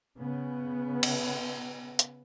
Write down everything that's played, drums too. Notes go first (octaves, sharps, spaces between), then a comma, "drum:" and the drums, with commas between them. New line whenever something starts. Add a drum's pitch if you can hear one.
C#3 B3
drum: cymbal
drum: hi-hat